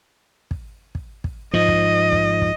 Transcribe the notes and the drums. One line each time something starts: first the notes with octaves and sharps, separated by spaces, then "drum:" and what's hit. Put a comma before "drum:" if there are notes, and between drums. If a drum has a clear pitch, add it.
drum: kick
drum: kick
drum: kick
G#2 F3 D#5
drum: kick
drum: kick
drum: kick